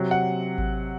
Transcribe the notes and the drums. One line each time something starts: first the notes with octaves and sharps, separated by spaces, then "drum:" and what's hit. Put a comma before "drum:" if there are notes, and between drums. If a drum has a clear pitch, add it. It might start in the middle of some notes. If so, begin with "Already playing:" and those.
Already playing: C3 F#3
F#5
drum: kick G#1